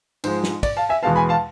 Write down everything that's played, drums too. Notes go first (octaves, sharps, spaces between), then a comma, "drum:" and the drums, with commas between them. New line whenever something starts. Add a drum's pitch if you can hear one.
G#2 F3 G#3 C5, drum: cymbal
drum: snare
D5, drum: kick, cymbal
F5 A5
E5 G#5
E2 B2 G#3 B3 F5 A5
G#5 B5
F5 A5